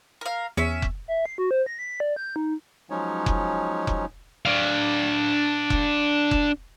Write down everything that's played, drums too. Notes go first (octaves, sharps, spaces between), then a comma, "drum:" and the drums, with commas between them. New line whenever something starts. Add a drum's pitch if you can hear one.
A#4 F5
E2 C#4 E5
drum: kick F1
E5
C7
F#4
C5
A#6
B6
D5
G6
D#4
F3 F#3 G#3 C#4 D#4 C#5
drum: kick F1
drum: kick F1
D4 F5
drum: kick F1
drum: kick F1